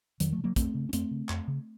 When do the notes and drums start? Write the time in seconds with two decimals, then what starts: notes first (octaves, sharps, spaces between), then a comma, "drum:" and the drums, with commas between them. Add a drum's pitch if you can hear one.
0.20 F2 D#3 F#3, drum: hi-hat
0.32 F3 A3
0.38 C#3
0.44 F#3 A#3
0.56 F2 A3 C4, drum: kick, hi-hat
0.75 C#3
0.89 C#4
0.93 F2 A3 C4, drum: hi-hat
1.11 C#3
1.29 F2, drum: clap
1.48 C#3